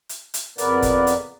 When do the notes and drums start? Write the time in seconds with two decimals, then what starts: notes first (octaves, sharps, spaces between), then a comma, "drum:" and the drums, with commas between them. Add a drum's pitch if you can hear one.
0.09 drum: hi-hat
0.34 drum: hi-hat
0.58 F2 C#3 B3 A#4 B4 D5, drum: hi-hat
0.82 drum: kick G1, hi-hat
1.07 drum: hi-hat